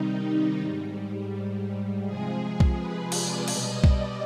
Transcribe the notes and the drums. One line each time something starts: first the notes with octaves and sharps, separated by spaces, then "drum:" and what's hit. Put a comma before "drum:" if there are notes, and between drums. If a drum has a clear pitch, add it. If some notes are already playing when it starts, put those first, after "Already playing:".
Already playing: C3 D#3 G3 D#4
G#2 G3
C3 F3 G#3 G#4
drum: kick B1
B4
D5, drum: cymbal
B2 G3 D#5, drum: cymbal
D5, drum: kick B1